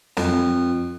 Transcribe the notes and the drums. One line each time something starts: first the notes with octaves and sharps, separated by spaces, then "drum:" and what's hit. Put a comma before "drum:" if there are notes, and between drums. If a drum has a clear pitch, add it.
F2, drum: snare